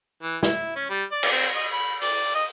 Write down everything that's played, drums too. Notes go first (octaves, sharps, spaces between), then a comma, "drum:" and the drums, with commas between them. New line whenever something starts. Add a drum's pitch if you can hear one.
E3
E4, drum: snare
C#4
G3
D5
drum: cymbal
C4
D#5
B5
D5, drum: open hi-hat
D#5